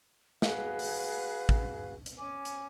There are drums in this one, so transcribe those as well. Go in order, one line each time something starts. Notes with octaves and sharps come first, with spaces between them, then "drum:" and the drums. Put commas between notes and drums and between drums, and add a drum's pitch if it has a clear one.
F#4 G#4 B4 F5, drum: snare
drum: open hi-hat
drum: kick
drum: hi-hat
C#4 G#5 D6
drum: hi-hat